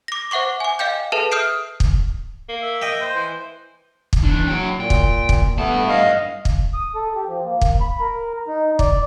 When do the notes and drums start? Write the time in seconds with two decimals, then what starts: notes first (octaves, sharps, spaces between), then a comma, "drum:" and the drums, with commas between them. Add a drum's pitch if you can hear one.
0.08 D6 A#6
0.31 C5 E5 F#5 C#6 D6
0.60 G#5 D6
0.79 D#5 F5 G5 G6
1.12 G#4 A4 B4 E5 A5
1.32 D#6 F6 G6 C7 D7
1.80 drum: kick
2.49 A#3
2.62 E5
2.82 D#5 G5
3.01 C5
3.15 E3
4.13 drum: kick
4.23 E2 D4
4.48 F#3 C#5 G5
4.80 A#2 G5
4.90 drum: kick
5.29 drum: kick
5.58 G2 A3 B3 A5
5.89 D#5 F5
6.45 drum: kick
6.74 D#6
6.95 A4
7.16 G4
7.28 F3
7.44 A#3
7.61 drum: kick
7.81 B5
8.00 A#4
8.48 D#4
8.79 D5, drum: kick